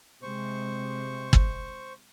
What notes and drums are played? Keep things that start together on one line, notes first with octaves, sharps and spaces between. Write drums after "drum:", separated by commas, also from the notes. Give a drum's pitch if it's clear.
C3 G#3 C5 C#6
drum: kick